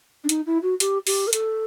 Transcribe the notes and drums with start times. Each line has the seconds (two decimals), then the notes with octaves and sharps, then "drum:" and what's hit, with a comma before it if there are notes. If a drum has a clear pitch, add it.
0.24 D4
0.29 D#4, drum: hi-hat
0.46 E4
0.63 F#4
0.80 G4, drum: hi-hat
1.07 G4, drum: open hi-hat
1.27 A#4
1.33 A4, drum: hi-hat